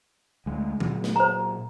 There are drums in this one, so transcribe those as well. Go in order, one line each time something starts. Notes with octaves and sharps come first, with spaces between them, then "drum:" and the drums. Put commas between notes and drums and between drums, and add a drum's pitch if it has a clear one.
D2 G#3
A#2 F#3, drum: tom D3
drum: snare
C5 A#5